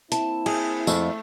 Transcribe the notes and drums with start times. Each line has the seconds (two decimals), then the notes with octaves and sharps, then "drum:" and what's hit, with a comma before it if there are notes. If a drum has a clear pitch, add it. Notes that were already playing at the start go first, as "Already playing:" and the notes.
0.12 A#3 C4 E4 A5, drum: hi-hat
0.46 G#4, drum: cymbal
0.87 F2 A3, drum: tambourine